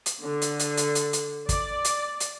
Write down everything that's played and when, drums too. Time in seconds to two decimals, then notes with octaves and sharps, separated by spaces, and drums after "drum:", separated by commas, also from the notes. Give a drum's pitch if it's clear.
0.06 drum: hi-hat
0.21 D3
0.42 drum: hi-hat
0.59 drum: hi-hat
0.77 drum: hi-hat
0.95 drum: hi-hat
1.13 drum: hi-hat
1.49 D5, drum: kick, hi-hat
1.85 drum: hi-hat
2.20 drum: hi-hat